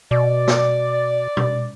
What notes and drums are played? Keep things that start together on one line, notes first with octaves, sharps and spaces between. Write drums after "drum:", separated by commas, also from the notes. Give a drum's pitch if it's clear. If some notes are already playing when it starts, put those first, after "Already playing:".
B2 D5
drum: snare
drum: tom B2